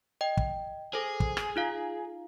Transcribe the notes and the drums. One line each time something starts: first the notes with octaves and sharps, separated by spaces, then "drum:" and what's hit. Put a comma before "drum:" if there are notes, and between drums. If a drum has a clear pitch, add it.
D#5 G5
drum: kick
G#4 A4 C5
drum: kick
drum: rim click
D#4 F4 F5